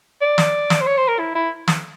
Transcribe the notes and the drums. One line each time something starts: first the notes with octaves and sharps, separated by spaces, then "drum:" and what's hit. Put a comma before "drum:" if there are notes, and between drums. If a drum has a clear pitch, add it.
D5
drum: snare
drum: snare
C5
C#5
C5
A#4
E4
E4
drum: snare